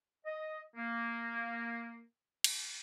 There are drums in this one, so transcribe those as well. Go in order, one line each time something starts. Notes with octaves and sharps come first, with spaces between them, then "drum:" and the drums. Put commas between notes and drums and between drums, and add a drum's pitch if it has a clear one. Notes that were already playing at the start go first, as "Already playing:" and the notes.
D#5
A#3
drum: cymbal